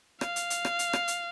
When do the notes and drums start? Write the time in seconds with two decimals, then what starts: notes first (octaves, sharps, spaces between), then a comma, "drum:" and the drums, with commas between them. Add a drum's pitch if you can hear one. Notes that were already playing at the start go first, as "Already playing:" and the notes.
0.21 F5, drum: rim click
0.36 drum: hi-hat
0.50 drum: hi-hat
0.65 drum: rim click
0.79 drum: hi-hat
0.93 drum: rim click
1.08 drum: hi-hat